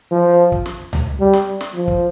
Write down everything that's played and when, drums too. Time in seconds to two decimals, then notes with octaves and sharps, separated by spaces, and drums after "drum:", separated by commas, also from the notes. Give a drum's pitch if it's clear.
0.11 F3
0.52 drum: kick
0.66 drum: snare
0.93 drum: tom C#2
1.20 G3
1.33 drum: snare
1.61 drum: snare
1.74 F3
1.88 drum: kick